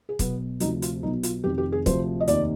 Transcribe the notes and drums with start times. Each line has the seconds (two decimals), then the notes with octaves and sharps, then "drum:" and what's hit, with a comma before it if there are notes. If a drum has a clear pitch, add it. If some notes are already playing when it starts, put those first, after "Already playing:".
0.09 G#4
0.19 B1 B2 B3, drum: kick, hi-hat
0.60 D2 C3 F3 D#4, drum: hi-hat
0.82 F4, drum: hi-hat
1.03 B1 B2 D#4
1.23 F4, drum: hi-hat
1.44 F1 F2 D#3 G4
1.58 G4
1.72 G#4
1.86 D2 C3 F3 C5, drum: kick, hi-hat
2.20 D#5
2.27 F1 D#2 D#3 D5, drum: hi-hat